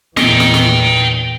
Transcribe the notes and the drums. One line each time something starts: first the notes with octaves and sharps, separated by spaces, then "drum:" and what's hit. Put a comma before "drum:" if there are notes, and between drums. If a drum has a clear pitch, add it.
E2 A#2 E3 D#5 G5, drum: snare
drum: snare
drum: snare